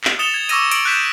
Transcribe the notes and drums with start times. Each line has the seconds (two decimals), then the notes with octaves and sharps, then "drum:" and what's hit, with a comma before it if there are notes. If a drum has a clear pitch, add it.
0.04 drum: clap
0.19 D#6 A6 C#7 E7 F7 G7
0.34 G#6
0.49 C#6 D6 E6 A#6 D#7, drum: hi-hat
0.71 D7 F#7, drum: hi-hat
0.85 F#6 G6 B6 E7